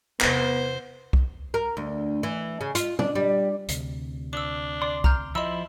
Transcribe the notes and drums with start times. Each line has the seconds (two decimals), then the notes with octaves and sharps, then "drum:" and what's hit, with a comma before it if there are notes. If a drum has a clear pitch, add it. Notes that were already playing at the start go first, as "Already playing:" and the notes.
0.20 E2 C3 B3 C5, drum: clap
1.13 drum: kick C2
1.54 A#4
1.77 D2
2.23 E3
2.61 C#3
2.75 F4, drum: hi-hat
2.99 D4, drum: tom
3.15 G3
3.68 D2 C3, drum: hi-hat
4.33 D4 D6 E6
4.82 D5 C6 D6
5.04 A#5 F6 G6, drum: kick C2
5.35 F3 E4 D#5 B5 C6 E6